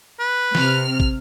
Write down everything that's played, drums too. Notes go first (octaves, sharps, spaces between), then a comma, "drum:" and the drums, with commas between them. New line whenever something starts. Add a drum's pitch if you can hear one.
B4
C3 F6, drum: snare
drum: kick